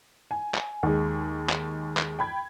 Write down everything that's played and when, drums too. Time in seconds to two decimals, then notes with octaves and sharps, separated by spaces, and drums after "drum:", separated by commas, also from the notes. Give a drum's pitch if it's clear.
0.31 G#5
0.54 drum: clap
0.83 D#2 G#3
1.50 drum: clap
1.97 drum: clap
2.19 G5 B5 G#6